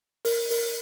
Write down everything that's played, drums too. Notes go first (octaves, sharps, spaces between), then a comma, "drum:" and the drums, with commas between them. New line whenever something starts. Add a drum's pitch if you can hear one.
A#4, drum: open hi-hat
A#4, drum: open hi-hat